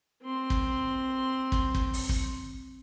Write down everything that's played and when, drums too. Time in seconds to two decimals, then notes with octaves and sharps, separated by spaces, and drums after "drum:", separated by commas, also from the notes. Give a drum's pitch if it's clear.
0.23 C4 C6
0.50 drum: kick
1.52 drum: kick
1.75 drum: kick
1.93 drum: open hi-hat
2.09 drum: kick